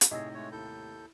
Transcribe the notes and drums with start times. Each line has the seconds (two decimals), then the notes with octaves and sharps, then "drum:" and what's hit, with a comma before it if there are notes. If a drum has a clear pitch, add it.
0.01 drum: hi-hat
0.11 A2 C3 D#4 G#4 C#5 D#5 E6 A#6
0.34 G#3 A3 C#5
0.52 D#2 E4 A4 G6